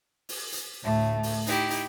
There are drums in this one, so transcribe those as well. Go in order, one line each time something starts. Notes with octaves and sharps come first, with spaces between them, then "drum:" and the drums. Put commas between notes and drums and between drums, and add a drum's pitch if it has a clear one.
drum: open hi-hat
drum: hi-hat
D2 A2 A3
drum: open hi-hat
D#4 E4 G4, drum: hi-hat
drum: hi-hat